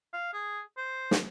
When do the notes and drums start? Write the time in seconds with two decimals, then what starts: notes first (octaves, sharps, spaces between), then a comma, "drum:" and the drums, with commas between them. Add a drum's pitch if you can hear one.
0.14 F5
0.33 G#4
0.78 C5
1.11 drum: snare